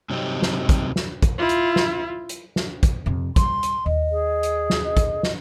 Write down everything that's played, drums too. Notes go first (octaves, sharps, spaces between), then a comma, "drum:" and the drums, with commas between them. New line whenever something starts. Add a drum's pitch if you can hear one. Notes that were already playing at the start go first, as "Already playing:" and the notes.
G2 C3 F#3 C4 D#4 G4
drum: snare
drum: kick, hi-hat
drum: snare
drum: kick, hi-hat
E4 F4
drum: hi-hat
drum: snare
drum: hi-hat
drum: snare
drum: kick, hi-hat
F2 C3
G3 C6, drum: kick, hi-hat
drum: hi-hat
D#2 D#5
G#4
drum: hi-hat
drum: snare
D#5
drum: kick, hi-hat
drum: snare